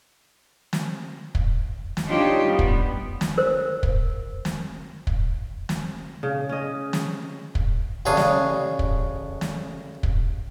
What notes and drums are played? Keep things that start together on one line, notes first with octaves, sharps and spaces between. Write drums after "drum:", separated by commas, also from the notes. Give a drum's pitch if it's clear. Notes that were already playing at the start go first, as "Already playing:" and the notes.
drum: snare
drum: kick
drum: snare
D4 D#4 F4 G4 C#5
G3 B3
drum: kick
drum: snare
A#4 C5
drum: kick
drum: snare
drum: kick
drum: snare
C#3
C#4 D#5
drum: snare
drum: kick
A1 C#3 D4 C#5 F5 D#6
drum: snare
drum: kick
drum: snare
drum: kick